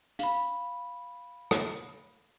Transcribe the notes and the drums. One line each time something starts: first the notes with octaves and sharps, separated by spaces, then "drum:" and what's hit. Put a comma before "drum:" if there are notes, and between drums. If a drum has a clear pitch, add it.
F5 B5, drum: hi-hat
drum: rim click